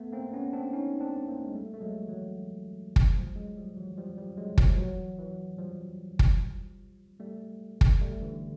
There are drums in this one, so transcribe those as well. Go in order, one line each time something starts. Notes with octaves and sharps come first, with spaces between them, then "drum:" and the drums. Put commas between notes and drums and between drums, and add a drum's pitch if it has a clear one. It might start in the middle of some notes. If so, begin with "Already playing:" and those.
Already playing: A3 B3
A#3 C4
B3 C#4
C4 D4
C#4 D#4
C4 D4
A#3 C4
G#3
G3 A3
A3
F#3 G#3
E3 F#3
drum: kick
F3 G3
F#3 G#3
F3 G3
E3 F#3
F3 G3
F3 G3
F#3 G#3
F3 G3, drum: kick
E3 F#3
E3 F#3
F3 G3
drum: kick
G3 A3
drum: kick
G3 A3
D3 E3